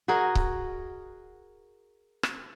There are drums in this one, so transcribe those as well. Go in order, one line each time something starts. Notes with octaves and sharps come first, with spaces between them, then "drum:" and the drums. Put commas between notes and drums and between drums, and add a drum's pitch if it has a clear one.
F#4 G#4 A#4 D#5
drum: kick C#1
drum: rim click